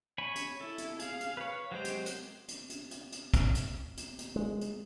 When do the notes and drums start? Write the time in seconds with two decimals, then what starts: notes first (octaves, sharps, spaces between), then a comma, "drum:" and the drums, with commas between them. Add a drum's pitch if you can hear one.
0.18 C#5 G#5 B5
0.36 drum: hi-hat
0.61 E4 A4
0.78 drum: hi-hat
0.99 G#4 F5, drum: hi-hat
1.21 drum: hi-hat
1.37 B4 C#5
1.72 F#3 G#3 G4 C5
1.85 drum: hi-hat
2.06 drum: hi-hat
2.48 drum: hi-hat
2.70 drum: hi-hat
2.91 drum: hi-hat
3.12 drum: hi-hat
3.34 drum: kick, hi-hat
3.55 drum: hi-hat
3.97 drum: hi-hat
4.19 drum: hi-hat
4.36 G#3
4.61 drum: hi-hat